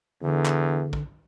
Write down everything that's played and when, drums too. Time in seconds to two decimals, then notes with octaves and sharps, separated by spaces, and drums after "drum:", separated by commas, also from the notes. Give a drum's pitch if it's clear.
0.22 E2 D3
0.46 drum: clap
0.93 drum: kick